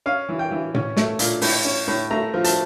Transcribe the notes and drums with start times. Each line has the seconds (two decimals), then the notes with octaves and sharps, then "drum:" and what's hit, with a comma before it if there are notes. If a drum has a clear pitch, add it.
0.06 C#4 F5
0.29 E3
0.39 G5
0.51 E3
0.74 C#4, drum: tom A2
0.97 A3, drum: snare
1.19 A#2, drum: hi-hat
1.42 A2, drum: open hi-hat
1.65 C#4
1.88 A2
2.11 A3 A#5
2.34 F3
2.44 A5, drum: hi-hat